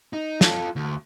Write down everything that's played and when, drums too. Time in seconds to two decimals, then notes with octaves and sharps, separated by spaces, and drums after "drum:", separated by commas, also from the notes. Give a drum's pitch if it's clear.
0.13 D#4
0.41 F4 A4, drum: snare
0.76 D2